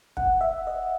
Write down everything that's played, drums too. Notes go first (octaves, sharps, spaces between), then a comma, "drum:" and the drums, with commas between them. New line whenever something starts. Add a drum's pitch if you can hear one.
F#5, drum: kick
E5
D#5